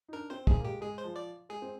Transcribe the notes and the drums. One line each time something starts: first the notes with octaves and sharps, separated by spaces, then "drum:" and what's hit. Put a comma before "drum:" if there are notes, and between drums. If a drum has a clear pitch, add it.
D#4
D4 A#4
C4 C5
A#3 G#4, drum: kick
A#3
G#3 G4
G#3 G#4
C5
F3
D5
G#3 G#4
C4